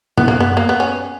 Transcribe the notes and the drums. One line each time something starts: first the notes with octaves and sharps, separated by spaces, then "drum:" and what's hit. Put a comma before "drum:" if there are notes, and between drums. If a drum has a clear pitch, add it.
B3, drum: tom
A#3
B3
A#3
B3
C#4